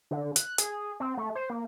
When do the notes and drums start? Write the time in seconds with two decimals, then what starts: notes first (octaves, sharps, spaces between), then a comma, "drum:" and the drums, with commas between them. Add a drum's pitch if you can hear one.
0.11 D3
0.36 F#6, drum: hi-hat
0.58 G#4, drum: hi-hat
1.00 C4
1.17 A3
1.35 C5
1.50 A#3